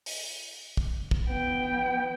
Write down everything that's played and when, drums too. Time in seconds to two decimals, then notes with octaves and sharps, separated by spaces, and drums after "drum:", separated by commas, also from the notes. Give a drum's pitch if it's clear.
0.06 drum: open hi-hat
0.77 drum: kick
1.11 drum: kick
1.28 B3 G5